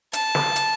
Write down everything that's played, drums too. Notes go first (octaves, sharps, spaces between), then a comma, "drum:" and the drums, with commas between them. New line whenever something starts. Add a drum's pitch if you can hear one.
A5, drum: hi-hat
drum: snare
drum: hi-hat